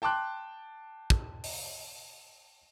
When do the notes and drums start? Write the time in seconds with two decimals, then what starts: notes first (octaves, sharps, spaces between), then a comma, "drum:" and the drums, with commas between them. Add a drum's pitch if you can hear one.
0.02 G5 A5 C6 D6 F#6
1.10 drum: kick
1.44 drum: open hi-hat